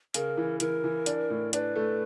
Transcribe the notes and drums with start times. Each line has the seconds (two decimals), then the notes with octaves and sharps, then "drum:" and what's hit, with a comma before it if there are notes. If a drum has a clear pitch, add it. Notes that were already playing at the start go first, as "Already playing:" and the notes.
0.14 C#3 A#4, drum: hi-hat
0.37 E3
0.60 E3 A#4, drum: hi-hat
0.84 E3
1.06 D4, drum: hi-hat
1.30 A2
1.53 D4 B4, drum: hi-hat
1.76 A3